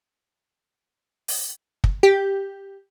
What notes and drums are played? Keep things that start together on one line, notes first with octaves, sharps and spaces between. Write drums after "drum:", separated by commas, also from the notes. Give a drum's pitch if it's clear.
drum: open hi-hat
drum: kick
G4